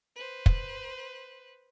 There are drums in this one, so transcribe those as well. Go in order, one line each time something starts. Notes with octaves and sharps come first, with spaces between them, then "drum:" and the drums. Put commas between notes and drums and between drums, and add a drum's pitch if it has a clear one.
B4 C5
drum: kick